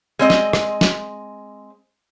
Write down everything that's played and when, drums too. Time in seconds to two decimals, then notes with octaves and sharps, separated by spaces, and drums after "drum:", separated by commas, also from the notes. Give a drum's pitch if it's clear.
0.19 G#3 C4 D#5
0.30 drum: snare
0.53 drum: rim click
0.81 drum: snare